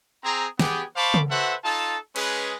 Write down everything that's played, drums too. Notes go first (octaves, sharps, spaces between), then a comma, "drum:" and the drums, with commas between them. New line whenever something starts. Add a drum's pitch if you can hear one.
C4 G#4 A#5
B3 G4 G#4, drum: snare
C5 F5 A5 B5 C#6 D6
drum: tom C#3
F#4 A4 B4 C5 E5 F#5
D#4 F4 A4 A5
G#3 C#4 G#4 B4, drum: cymbal